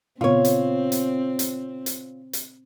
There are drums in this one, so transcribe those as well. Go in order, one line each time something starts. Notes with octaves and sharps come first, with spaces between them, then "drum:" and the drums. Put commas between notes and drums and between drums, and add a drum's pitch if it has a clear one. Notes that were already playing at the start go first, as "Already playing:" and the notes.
A#2 C#3 B3 C4 F4 C#5
drum: hi-hat
drum: hi-hat
drum: hi-hat
drum: hi-hat
drum: hi-hat